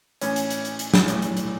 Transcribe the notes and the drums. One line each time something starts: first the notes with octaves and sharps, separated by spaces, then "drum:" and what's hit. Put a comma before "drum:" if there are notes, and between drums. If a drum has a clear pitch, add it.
A2 E3 C#4, drum: hi-hat
drum: hi-hat
drum: hi-hat
drum: hi-hat
drum: hi-hat
drum: snare
A2 E3, drum: hi-hat
drum: hi-hat
drum: hi-hat